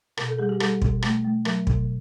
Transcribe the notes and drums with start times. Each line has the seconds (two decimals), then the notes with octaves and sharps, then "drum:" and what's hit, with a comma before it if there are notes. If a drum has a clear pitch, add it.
0.17 B2 A#4, drum: rim click
0.28 A4
0.38 G3 G#4
0.49 G4
0.60 G3 A4, drum: rim click
0.82 B2, drum: kick
1.02 A3, drum: rim click
1.24 A3
1.45 F#3 A#4, drum: rim click
1.67 B2, drum: kick